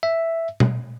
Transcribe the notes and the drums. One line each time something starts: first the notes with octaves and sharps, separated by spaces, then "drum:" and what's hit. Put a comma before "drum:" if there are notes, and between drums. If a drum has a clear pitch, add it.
E5
drum: tom B2